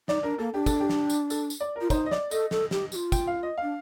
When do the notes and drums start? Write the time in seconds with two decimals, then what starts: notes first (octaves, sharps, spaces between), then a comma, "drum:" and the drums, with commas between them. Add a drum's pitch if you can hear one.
0.08 D#4 D5, drum: snare
0.23 D4 A#4
0.38 A#3 A4
0.54 D4 G4
0.66 A4, drum: kick, tambourine
0.80 G4
0.89 drum: snare
1.10 drum: tambourine
1.30 A4, drum: tambourine
1.50 drum: tambourine
1.60 D5
1.76 A#4
1.81 F4
1.90 D#4 C5, drum: kick, tambourine
2.06 D#5
2.11 D5, drum: snare
2.31 A4 D#5, drum: tambourine
2.51 A4, drum: snare
2.71 G4, drum: snare
2.92 G4, drum: tambourine
2.95 F4
3.12 G5, drum: kick, tambourine
3.27 F5
3.43 D#5
3.57 D4 F5